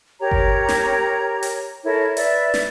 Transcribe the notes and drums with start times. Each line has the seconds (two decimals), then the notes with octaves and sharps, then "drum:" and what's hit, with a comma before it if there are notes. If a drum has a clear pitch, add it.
0.21 G4 A#4 C#5 A#5
0.32 drum: kick G1
0.69 drum: snare
1.43 drum: hi-hat
1.84 E4 A4 A#4 C#5
2.17 B4 D5 E5, drum: hi-hat
2.54 drum: snare